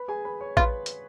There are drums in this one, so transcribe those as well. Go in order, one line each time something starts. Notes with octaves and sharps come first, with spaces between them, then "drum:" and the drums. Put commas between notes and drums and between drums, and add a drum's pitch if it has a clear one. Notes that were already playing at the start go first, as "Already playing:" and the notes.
Already playing: B4 B5
G#4 G#5
B4 B5
C#5 C#6
F4 B4 B5, drum: kick A1
drum: hi-hat